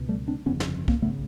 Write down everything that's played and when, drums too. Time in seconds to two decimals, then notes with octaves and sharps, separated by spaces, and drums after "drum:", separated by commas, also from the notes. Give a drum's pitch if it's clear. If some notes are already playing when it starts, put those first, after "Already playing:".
Already playing: C#2 B2
0.09 G3 A3
0.28 C4 D4
0.46 G1 F2 C#3 B3 C#4
0.60 drum: snare
0.88 A#3 C4, drum: kick B1
1.02 G#1 C#3 A3 B3